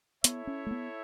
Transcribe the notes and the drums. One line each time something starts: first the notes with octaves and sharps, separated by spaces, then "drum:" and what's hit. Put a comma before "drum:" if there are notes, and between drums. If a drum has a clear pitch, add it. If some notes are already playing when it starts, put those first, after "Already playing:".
B3 E4 A4 C#5 E5, drum: hi-hat
C#4
A3
B3